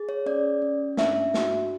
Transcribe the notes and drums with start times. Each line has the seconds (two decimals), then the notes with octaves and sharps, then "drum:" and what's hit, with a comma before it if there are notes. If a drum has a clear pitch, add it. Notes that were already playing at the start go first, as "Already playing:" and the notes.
Already playing: G#4
0.09 C#5
0.26 C#4 D5
0.62 C#4
0.97 D4 E5, drum: snare
1.34 F#4, drum: snare